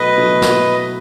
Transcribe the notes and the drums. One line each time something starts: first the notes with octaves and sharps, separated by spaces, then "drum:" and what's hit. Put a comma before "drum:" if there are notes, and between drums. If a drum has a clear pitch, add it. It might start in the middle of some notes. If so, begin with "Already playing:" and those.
Already playing: B2 F#3 A3 E4 B4 D#5
B2 F#3 A3 E4
drum: snare